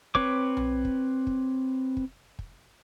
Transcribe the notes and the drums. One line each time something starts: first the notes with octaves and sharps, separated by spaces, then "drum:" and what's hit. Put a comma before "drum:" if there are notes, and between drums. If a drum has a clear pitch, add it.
C4 B4 C#5 D6, drum: kick
drum: tom B1
drum: kick
drum: kick
drum: kick
drum: kick